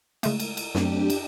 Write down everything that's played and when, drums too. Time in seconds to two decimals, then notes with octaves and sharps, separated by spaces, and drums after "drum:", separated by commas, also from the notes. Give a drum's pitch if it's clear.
0.23 C#3 G#3 A3, drum: cymbal
0.40 drum: cymbal
0.57 drum: cymbal
0.75 F#2 F#3 A3 C4 D4 G4, drum: snare
1.10 drum: cymbal